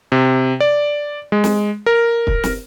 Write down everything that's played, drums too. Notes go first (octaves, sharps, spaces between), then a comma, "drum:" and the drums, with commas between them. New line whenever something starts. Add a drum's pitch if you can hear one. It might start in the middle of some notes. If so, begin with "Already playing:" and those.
C3
D5
G#3
drum: snare
A#4
drum: kick
drum: snare